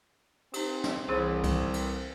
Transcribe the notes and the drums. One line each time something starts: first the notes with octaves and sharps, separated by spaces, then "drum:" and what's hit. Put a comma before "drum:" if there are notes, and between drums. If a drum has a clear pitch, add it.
C4 D#4 G4, drum: cymbal
drum: snare
C2 E3 G#4 C5
drum: kick B1, cymbal
drum: cymbal